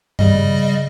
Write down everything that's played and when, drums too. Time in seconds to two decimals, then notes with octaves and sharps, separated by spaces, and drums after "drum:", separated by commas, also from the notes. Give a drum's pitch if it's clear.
0.19 C#3 G3 D#5, drum: tom G2